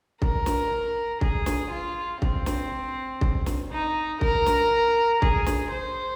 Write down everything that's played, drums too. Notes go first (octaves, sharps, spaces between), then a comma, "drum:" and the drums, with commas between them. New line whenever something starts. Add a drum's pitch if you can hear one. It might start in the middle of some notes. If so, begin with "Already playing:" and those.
A#4, drum: kick
drum: snare
G#4, drum: kick
drum: snare
F4
C4, drum: kick
drum: snare
drum: kick
drum: snare
D#4
A#4, drum: kick
drum: snare
G#4, drum: kick
drum: snare
C5